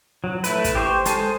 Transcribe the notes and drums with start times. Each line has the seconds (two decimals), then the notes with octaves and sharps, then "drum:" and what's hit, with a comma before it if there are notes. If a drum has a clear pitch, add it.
0.24 F#3
0.44 A3 E4 B4, drum: hi-hat
0.64 drum: kick, hi-hat
0.75 G4 C5 C#6
1.05 G#3 A4 C5 G#5 A5, drum: hi-hat